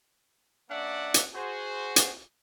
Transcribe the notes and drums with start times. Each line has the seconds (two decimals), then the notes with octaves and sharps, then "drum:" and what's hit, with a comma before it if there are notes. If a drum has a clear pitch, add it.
0.70 A#3 C#4 D4 D5 E5 F#5
1.14 drum: hi-hat
1.34 F#4 G#4 C5
1.96 drum: hi-hat